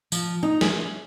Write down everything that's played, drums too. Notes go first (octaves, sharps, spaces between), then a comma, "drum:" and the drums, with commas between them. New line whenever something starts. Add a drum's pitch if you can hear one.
F3, drum: tambourine
D#4
G#4, drum: snare